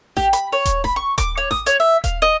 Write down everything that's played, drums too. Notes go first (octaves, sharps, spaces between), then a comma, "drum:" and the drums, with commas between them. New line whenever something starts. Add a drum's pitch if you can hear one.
G4, drum: snare A1
B5, drum: hi-hat
C#5
drum: kick D#1, hi-hat
B5, drum: snare A1
C#6
D6, drum: kick D#1, hi-hat
C#5
D#6, drum: snare A1
C#5, drum: hi-hat
E5
F5, drum: kick D#1, hi-hat
D#5